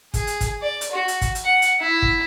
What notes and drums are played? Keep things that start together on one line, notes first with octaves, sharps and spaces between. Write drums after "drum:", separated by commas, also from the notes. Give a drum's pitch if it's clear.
G#4, drum: kick, hi-hat
drum: hi-hat
drum: kick, hi-hat
D5
drum: hi-hat
F#4
drum: hi-hat
drum: kick, hi-hat
drum: hi-hat
F#5
drum: hi-hat
E4
drum: kick